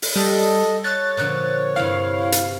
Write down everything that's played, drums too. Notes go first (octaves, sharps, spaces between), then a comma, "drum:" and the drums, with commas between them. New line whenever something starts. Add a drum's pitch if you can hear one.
drum: open hi-hat
G3 A4 D#5
C#5 F#6 A6
A#2 D3 F3 F#6
G2 C3 E4 F5
drum: hi-hat